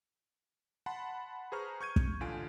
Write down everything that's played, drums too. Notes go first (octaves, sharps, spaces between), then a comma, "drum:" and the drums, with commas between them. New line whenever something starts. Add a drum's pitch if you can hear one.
F#5 A5 B5 C6
G#4 B4 C5 A#5 C#6 F6
C#6 G6 G#6 D#7
drum: kick
A1 D3 F4 G#5 D7